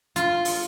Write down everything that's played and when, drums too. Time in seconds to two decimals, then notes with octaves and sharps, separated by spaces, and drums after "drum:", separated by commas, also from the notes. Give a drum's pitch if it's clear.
0.16 F4, drum: hi-hat
0.45 drum: open hi-hat